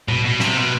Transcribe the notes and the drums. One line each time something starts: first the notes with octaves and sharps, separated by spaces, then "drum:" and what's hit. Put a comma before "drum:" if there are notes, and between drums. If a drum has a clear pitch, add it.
B2, drum: tom A2
B2
C3, drum: snare
B2